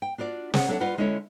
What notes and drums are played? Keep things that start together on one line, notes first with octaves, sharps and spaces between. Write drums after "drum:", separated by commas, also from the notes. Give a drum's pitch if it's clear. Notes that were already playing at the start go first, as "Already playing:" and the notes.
G5
D4 F4 F#4 D5
B3 G#4 C5 C#5 F#5, drum: snare
F#3 D4 A4 C#5 E5 F#5
G3 F4 B4 D#5 F#5
D3 G#3 C#4 E4 A4 C#5